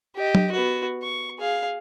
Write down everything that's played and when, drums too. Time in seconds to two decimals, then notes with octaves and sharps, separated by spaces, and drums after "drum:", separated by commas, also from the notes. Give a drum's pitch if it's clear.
0.16 G4 D#5
0.35 drum: tom F#3
0.52 B3 F#4
1.02 C#6
1.39 G#4 F5